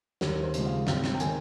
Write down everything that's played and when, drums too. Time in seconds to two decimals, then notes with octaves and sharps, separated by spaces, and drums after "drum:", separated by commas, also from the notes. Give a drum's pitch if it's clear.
0.21 D#2 A#4, drum: snare
0.43 C5
0.54 C#3 F3 G#3, drum: hi-hat
0.65 F5
0.87 G#1 G5, drum: snare
1.04 drum: snare
1.15 G5
1.20 D#3 A#3 G#5, drum: hi-hat